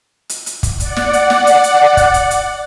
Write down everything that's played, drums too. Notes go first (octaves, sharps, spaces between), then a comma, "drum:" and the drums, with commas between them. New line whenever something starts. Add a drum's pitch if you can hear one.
drum: hi-hat
drum: hi-hat
drum: kick, hi-hat
D5 F#5, drum: hi-hat
drum: snare
drum: hi-hat
drum: snare
drum: hi-hat
drum: hi-hat
drum: kick, hi-hat
drum: hi-hat
drum: hi-hat